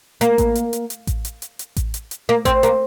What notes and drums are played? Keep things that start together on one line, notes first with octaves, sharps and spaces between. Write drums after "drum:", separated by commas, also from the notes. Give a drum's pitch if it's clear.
A#3, drum: hi-hat
drum: kick A1, hi-hat
drum: hi-hat
drum: hi-hat
drum: hi-hat
drum: kick A1, hi-hat
drum: hi-hat
drum: hi-hat
drum: hi-hat
drum: kick A1, hi-hat
drum: hi-hat
drum: hi-hat
A#3
C4, drum: kick A1, hi-hat
A#3, drum: hi-hat